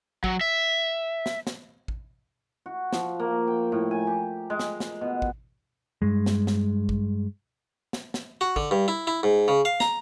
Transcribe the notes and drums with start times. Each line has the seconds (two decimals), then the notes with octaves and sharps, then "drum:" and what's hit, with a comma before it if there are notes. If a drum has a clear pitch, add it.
0.24 F#3, drum: kick A1
0.41 E5
1.26 drum: snare
1.47 drum: snare
1.88 drum: kick A1
2.66 F#4
2.93 F3, drum: snare
3.20 A#3
3.47 G5
3.72 A2
3.91 G#5
4.07 G4
4.50 G#3
4.60 drum: snare
4.80 drum: snare
5.01 B2
5.22 drum: kick A1
6.02 G2 G#3
6.26 drum: snare
6.47 drum: snare
6.89 drum: kick A1
7.93 drum: snare
8.14 drum: snare
8.41 F#4
8.56 D3, drum: kick A1
8.71 G2
8.88 E4
9.07 E4
9.23 G#2
9.48 C#3
9.65 F5
9.80 A#5, drum: snare